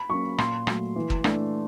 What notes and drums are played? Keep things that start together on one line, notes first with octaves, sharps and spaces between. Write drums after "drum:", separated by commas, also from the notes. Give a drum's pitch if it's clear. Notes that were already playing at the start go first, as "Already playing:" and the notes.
Already playing: B5
F#3 A#3 C#4 C#6
A#2 C6, drum: rim click
F#3 A3, drum: rim click
E3
drum: kick
A3 D4, drum: rim click